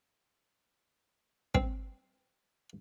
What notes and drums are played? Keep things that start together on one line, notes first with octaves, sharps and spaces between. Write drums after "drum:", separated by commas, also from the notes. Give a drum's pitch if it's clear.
C4, drum: kick